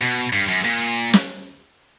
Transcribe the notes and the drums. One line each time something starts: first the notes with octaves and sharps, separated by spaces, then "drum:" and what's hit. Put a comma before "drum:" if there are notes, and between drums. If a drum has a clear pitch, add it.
B2
G2
F#2
A#2, drum: hi-hat
drum: snare